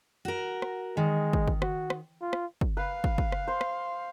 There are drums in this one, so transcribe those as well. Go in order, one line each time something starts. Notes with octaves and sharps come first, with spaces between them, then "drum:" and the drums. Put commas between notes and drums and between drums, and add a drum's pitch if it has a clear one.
F#4 A#4
drum: rim click
D#3 G#3
drum: kick
drum: kick
F#4, drum: rim click
drum: rim click
F4
drum: rim click
drum: kick
B4 F5
drum: kick
drum: kick
drum: rim click
C5
drum: rim click